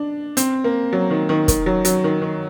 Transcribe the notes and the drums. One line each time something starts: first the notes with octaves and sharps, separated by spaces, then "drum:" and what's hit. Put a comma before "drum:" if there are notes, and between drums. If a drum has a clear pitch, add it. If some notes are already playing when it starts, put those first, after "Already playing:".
Already playing: D4
C4, drum: hi-hat
A#3
F#3
D#3
D#3
D#3, drum: kick, hi-hat
F#3
F#3, drum: hi-hat
D#3
D#3